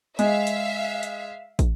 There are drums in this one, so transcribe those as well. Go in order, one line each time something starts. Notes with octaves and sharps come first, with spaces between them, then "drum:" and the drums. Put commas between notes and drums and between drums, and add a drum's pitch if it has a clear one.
G#3 E5 F5, drum: hi-hat
drum: hi-hat
drum: hi-hat
drum: kick, hi-hat